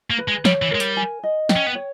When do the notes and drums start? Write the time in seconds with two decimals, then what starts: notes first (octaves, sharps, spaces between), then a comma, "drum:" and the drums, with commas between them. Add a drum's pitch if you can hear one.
0.10 A#3
0.18 B4
0.28 G#3
0.45 G3 C#5, drum: snare
0.62 E3
0.71 G#3 A#4
0.80 G3, drum: hi-hat
0.97 G#5
1.23 D#5
1.49 G5, drum: snare
1.56 C#4
1.67 B3
1.75 C#5